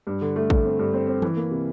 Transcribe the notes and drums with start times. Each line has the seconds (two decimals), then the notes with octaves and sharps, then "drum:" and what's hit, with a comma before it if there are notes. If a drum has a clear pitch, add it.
0.07 G2
0.21 D3
0.36 A3
0.50 D3, drum: kick
0.65 C4
0.79 G2
0.93 C4
1.08 C4
1.22 E3, drum: tom E3
1.36 A#3
1.51 C3